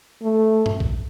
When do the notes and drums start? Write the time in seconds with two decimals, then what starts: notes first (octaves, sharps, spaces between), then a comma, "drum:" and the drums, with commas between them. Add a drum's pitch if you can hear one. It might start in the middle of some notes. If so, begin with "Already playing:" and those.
0.22 A3
0.66 drum: tom G2
0.80 drum: kick A#1